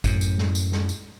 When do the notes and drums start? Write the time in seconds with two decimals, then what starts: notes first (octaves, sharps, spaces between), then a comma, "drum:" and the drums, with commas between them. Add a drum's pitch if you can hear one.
0.04 F#2 A2, drum: kick G#1, tambourine
0.21 drum: tambourine
0.38 drum: snare
0.55 drum: tambourine
0.72 drum: snare
0.89 drum: tambourine